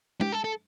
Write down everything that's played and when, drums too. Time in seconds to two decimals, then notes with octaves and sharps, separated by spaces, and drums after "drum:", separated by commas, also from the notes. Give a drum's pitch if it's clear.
0.21 G4, drum: tom
0.32 A4
0.44 A4